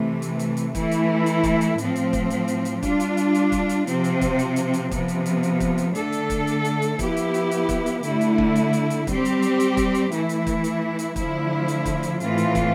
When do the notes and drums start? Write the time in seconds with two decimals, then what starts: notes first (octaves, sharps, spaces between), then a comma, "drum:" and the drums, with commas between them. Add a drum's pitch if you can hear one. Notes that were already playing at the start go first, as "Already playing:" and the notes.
Already playing: C3 E3 A3
0.22 drum: hi-hat
0.39 drum: hi-hat
0.57 drum: hi-hat
0.75 E3 A3 E4, drum: kick, hi-hat
0.91 drum: hi-hat
1.26 drum: hi-hat
1.44 drum: kick, hi-hat
1.61 drum: hi-hat
1.78 A2 F3 C4, drum: hi-hat
1.96 drum: hi-hat
2.13 drum: kick, hi-hat
2.30 drum: hi-hat
2.48 drum: hi-hat
2.65 drum: hi-hat
2.83 G3 D4 F4, drum: kick, hi-hat
3.00 drum: hi-hat
3.17 drum: hi-hat
3.35 drum: hi-hat
3.52 drum: kick, hi-hat
3.69 drum: hi-hat
3.87 C3 F3 C4, drum: hi-hat
4.04 drum: hi-hat
4.21 drum: kick, hi-hat
4.39 drum: hi-hat
4.56 drum: hi-hat
4.74 drum: hi-hat
4.91 C3 F3 B3, drum: kick, hi-hat
5.08 drum: hi-hat
5.26 drum: hi-hat
5.43 drum: hi-hat
5.60 drum: kick, hi-hat
5.78 drum: hi-hat
5.95 D3 A3 D4 A4, drum: hi-hat
6.12 drum: hi-hat
6.30 drum: kick, hi-hat
6.47 drum: hi-hat
6.65 drum: hi-hat
6.82 drum: hi-hat
6.99 F3 B3 E4 G4, drum: kick, hi-hat
7.17 drum: hi-hat
7.34 drum: hi-hat
7.51 drum: hi-hat
7.69 drum: kick, hi-hat
7.86 drum: hi-hat
8.03 D3 A3 E4, drum: hi-hat
8.21 drum: hi-hat
8.38 drum: kick
8.56 drum: hi-hat
8.73 drum: hi-hat
8.90 drum: hi-hat
9.07 G3 C4 G4, drum: kick, hi-hat
9.25 drum: hi-hat
9.42 drum: hi-hat
9.60 drum: hi-hat
9.77 drum: kick, hi-hat
9.95 drum: hi-hat
10.12 E3 A3 E4, drum: hi-hat
10.29 drum: hi-hat
10.47 drum: kick, hi-hat
10.64 drum: hi-hat
10.99 drum: hi-hat
11.16 D3 F3 A3 E4, drum: kick, hi-hat
11.68 drum: hi-hat
11.86 drum: kick, hi-hat
12.03 drum: hi-hat
12.20 A2 E3 A3 C4 F4, drum: hi-hat
12.38 drum: hi-hat
12.55 drum: kick, hi-hat